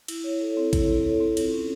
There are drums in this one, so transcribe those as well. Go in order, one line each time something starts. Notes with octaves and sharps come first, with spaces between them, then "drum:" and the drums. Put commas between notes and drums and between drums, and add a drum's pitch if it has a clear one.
E4, drum: cymbal
C#5
A4
C4
E4, drum: kick A1, cymbal
C#5
A4
C4
F4, drum: cymbal
C#4